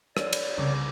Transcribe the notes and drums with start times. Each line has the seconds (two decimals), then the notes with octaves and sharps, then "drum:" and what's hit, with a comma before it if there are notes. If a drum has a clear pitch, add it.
0.17 C#5 D5, drum: rim click
0.33 drum: cymbal
0.57 C2 C#3 D6